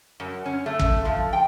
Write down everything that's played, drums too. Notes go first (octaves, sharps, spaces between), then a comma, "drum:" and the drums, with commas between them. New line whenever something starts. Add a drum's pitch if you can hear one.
F#2
C#4
A3
drum: kick
F3
G5